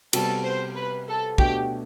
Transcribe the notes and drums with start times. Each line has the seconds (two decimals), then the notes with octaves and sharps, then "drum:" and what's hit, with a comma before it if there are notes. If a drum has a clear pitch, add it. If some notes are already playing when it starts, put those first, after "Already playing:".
0.13 C3 G3 B3 F#4 A4, drum: cymbal
0.45 C5
0.76 B4
1.08 A4
1.38 B2 A3 D4 F#4 G4, drum: kick